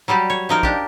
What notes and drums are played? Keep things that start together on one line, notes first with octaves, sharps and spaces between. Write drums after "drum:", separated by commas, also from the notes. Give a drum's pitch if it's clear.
F#3 G3 G4 D5
C#5
F3 D#4 A#4
D4 G4, drum: kick